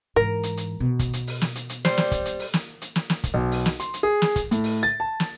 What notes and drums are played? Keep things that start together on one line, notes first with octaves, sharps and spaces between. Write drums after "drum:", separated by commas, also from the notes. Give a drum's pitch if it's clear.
G#2 E3 A#4
drum: hi-hat
drum: hi-hat
B2
drum: kick, hi-hat
drum: hi-hat
drum: open hi-hat
drum: snare
drum: hi-hat
drum: hi-hat
G3 C5, drum: snare
drum: snare
drum: kick, hi-hat
drum: hi-hat
drum: open hi-hat
drum: snare
drum: hi-hat
drum: snare
drum: snare
drum: kick, hi-hat
B1
drum: open hi-hat
drum: snare
C6, drum: hi-hat
drum: hi-hat
G#4
drum: snare
drum: kick, hi-hat
A2, drum: hi-hat
drum: open hi-hat
A6
A5
drum: snare